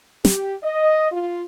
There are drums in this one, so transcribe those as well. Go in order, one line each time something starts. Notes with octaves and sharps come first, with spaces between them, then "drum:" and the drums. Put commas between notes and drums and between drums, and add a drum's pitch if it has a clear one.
G4, drum: snare
D#5
F4